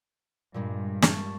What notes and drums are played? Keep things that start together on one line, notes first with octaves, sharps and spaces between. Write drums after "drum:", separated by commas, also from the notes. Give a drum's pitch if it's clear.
G2 A#2 G3 G#3
A5 C#6, drum: snare